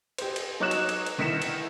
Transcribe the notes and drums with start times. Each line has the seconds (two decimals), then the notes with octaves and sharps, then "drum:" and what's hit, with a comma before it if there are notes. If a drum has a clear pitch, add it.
0.18 G4 C5, drum: cymbal
0.36 drum: cymbal
0.60 F#3 D#4 C#5 D6 F#6 E7
0.71 drum: cymbal
0.89 drum: cymbal
1.06 drum: cymbal
1.18 D3 D#3 E4 B6 C#7 E7
1.42 drum: cymbal